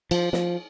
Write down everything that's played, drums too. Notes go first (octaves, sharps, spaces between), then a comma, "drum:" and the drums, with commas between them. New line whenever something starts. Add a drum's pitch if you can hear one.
F3, drum: cymbal
F3, drum: snare